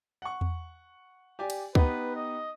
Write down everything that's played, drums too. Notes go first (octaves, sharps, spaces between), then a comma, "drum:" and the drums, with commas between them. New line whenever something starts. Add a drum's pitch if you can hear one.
F#5 C#6
drum: tom E2
G4 D5 G#5
drum: cymbal
B3 D#4 G4 B4, drum: kick C#2
D#5